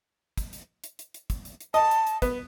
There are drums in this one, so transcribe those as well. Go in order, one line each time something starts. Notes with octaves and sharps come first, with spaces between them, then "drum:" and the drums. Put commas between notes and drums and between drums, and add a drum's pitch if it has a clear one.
drum: kick, hi-hat
drum: hi-hat
drum: hi-hat
drum: hi-hat
drum: hi-hat
drum: kick, hi-hat
drum: hi-hat
drum: hi-hat
D#5 A5, drum: hi-hat
drum: hi-hat
drum: hi-hat
B3, drum: kick, hi-hat